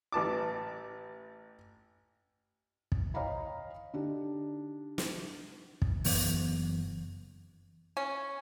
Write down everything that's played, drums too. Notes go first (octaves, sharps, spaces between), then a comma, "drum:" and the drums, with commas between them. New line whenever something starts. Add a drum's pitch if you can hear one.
A1 E3 A5 D6
drum: kick
C#5 D#5 F5 G5 A#5 B5
D3 D4 D#4 G4
drum: snare
drum: kick
F#1 E3 B3, drum: open hi-hat
C#4